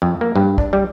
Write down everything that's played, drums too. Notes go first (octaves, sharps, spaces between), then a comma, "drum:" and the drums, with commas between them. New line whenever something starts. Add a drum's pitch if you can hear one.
F2
A#3
G2
D4, drum: kick
G3